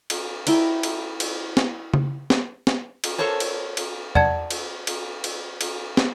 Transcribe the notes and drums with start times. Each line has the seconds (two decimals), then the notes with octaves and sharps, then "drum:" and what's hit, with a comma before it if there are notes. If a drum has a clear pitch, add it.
0.10 drum: cymbal
0.47 E4 G5 A#5, drum: cymbal
0.83 drum: cymbal
1.20 drum: cymbal
1.57 drum: snare
1.94 drum: tom C#3
2.30 drum: snare
2.67 drum: snare
3.04 drum: cymbal
3.18 A4 A#4 C5 C#5 A5
3.40 drum: cymbal
3.77 drum: cymbal
4.15 D5 F#5 A5 G#6, drum: tom
4.51 drum: cymbal
4.87 drum: cymbal
5.24 drum: cymbal
5.61 drum: cymbal
5.97 drum: snare